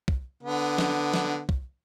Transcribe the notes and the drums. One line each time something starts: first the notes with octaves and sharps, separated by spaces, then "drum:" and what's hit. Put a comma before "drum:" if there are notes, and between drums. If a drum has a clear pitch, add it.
drum: kick
D3 B3
drum: snare
drum: snare
drum: kick